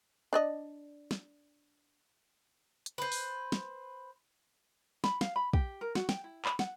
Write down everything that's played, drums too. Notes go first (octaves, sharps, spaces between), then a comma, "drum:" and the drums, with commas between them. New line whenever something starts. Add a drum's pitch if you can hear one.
D4 D5 D#5
drum: snare
drum: hi-hat
B4 C5
drum: open hi-hat
drum: snare
B5, drum: snare
F5, drum: snare
B5
G4, drum: kick
A#4
F#4, drum: snare
G5, drum: snare
E4
B5, drum: clap
F#5, drum: snare